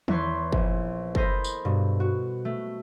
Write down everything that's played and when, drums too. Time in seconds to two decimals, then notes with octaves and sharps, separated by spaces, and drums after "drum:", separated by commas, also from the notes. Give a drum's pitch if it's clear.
0.08 E2 B4 C#5 C6, drum: tom D#3
0.52 A#1, drum: kick
1.15 A4 A#4 C5 D#5 B5, drum: kick
1.44 drum: tambourine
1.65 G2 B2
2.00 F#4
2.45 A3